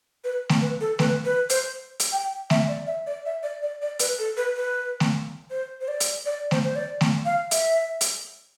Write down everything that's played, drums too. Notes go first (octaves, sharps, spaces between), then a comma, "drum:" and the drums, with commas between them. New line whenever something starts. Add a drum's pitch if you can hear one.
B4
drum: snare A3
B4
A4
B4, drum: snare A3
B4
C5, drum: hi-hat
drum: hi-hat
G5
E5, drum: snare A3
D5
E5
D5
E5
D5
D5
D5
B4, drum: hi-hat
A4
B4
B4
drum: snare A3
C5
C5
D5
drum: hi-hat
D5
C5, drum: snare A3
C5
D5
drum: snare A3
F5
E5, drum: hi-hat
drum: hi-hat